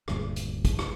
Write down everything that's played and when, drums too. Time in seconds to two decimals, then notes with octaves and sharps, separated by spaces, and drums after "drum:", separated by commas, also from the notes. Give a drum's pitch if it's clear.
0.08 D#1 D2 G2 A#2, drum: rim click
0.36 drum: hi-hat
0.65 drum: kick, hi-hat
0.79 drum: rim click